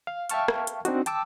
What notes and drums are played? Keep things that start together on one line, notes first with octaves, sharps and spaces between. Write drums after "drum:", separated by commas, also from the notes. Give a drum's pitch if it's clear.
F5
E5 F5 G5 A5 C#6 F6, drum: hi-hat
drum: rim click
drum: hi-hat
C4 D4 D#4 F#4, drum: hi-hat
G5 A5 D6 E6, drum: hi-hat